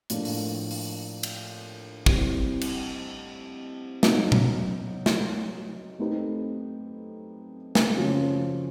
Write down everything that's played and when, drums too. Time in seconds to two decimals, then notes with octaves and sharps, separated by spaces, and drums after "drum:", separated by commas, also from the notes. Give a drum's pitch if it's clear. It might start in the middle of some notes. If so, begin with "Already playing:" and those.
0.10 A2 F3 A#3 D4, drum: hi-hat
0.25 drum: open hi-hat
0.71 drum: open hi-hat
1.23 drum: cymbal
2.06 G3 C4 E4, drum: kick
2.61 drum: cymbal
4.03 F#3 B3 D#4, drum: snare
4.32 drum: tom A#2
5.06 drum: snare
5.99 A3 C4 D#4 G4 B4
7.75 drum: snare
7.96 C#3 F3 A#3 C#4 F#4